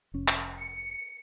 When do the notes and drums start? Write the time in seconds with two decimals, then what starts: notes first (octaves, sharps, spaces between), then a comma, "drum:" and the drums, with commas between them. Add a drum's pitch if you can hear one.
0.14 F1 C#4
0.28 drum: clap
0.57 C#7